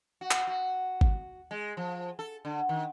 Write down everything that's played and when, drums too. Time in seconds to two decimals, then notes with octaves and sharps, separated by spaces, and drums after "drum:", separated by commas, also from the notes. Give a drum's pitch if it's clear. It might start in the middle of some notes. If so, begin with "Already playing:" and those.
0.21 F#4
0.31 drum: clap
0.47 F#4
1.01 drum: kick
1.51 G#3
1.77 F3
2.19 A4
2.45 D3
2.69 D#3